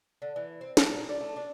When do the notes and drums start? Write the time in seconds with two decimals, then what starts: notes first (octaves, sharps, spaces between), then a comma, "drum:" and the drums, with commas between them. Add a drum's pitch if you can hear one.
0.22 D3
0.36 E3
0.61 C4
0.77 A5, drum: snare
0.90 A#2
1.09 D5
1.21 A3
1.36 D4